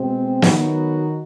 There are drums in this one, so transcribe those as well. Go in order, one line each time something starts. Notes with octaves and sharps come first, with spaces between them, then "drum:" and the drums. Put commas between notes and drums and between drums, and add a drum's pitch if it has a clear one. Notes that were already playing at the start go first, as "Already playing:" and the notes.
Already playing: B2 G#3 C4
D#3 F#3 B3 D#4 F#4, drum: snare